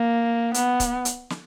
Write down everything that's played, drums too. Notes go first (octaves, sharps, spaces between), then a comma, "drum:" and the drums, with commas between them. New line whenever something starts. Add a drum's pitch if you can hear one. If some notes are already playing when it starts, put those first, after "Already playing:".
Already playing: A#3
B3, drum: hi-hat
drum: kick C#1, hi-hat
drum: hi-hat
drum: snare